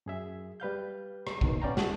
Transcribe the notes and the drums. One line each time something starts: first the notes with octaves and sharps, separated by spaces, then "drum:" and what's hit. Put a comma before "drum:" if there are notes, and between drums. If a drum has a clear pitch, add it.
F#2 G#4 E5
G3 B4 F5 G6
drum: rim click
B2 D#3 B3, drum: kick
B3 C#4 D5 F5 G5 A#5
F#4 G#4 A5 D#6, drum: snare